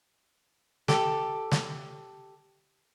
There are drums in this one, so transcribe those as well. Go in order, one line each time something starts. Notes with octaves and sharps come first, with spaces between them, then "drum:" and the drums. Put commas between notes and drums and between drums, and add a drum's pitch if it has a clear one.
G4 A4, drum: snare
drum: snare